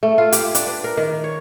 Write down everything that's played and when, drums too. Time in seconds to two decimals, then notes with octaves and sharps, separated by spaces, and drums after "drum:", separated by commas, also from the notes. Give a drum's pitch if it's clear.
0.03 A3
0.18 F4
0.32 G4, drum: hi-hat
0.55 D4, drum: hi-hat
0.67 B4
0.84 A#4
0.97 D#3
1.24 C#5